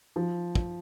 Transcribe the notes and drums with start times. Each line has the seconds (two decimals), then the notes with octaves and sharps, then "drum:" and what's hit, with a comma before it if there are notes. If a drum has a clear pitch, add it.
0.16 F3
0.55 drum: kick